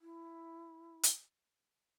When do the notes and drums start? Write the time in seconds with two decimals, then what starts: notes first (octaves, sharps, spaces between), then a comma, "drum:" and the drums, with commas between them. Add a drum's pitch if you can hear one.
0.01 E4
1.03 drum: hi-hat